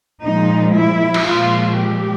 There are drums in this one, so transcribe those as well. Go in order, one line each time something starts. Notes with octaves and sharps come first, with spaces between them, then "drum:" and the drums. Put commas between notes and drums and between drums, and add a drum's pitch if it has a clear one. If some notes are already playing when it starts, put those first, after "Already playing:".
A#2 F3 G#3 D#4
E4
drum: cymbal
A#2 F3 G#3 F4
G4